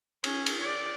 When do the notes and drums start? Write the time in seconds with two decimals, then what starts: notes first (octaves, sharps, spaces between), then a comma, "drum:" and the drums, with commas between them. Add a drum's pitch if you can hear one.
0.24 C#4, drum: cymbal
0.46 drum: cymbal
0.61 D5